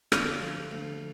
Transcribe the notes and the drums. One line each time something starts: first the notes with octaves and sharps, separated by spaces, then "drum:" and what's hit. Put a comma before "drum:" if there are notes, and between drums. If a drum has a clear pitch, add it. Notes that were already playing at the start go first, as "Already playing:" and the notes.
D2 F4, drum: rim click
F3
D2